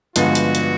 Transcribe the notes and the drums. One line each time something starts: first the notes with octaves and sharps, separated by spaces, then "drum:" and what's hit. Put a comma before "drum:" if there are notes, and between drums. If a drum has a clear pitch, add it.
G2 D3 F3 G#3 B3 F#4, drum: hi-hat
drum: hi-hat
drum: hi-hat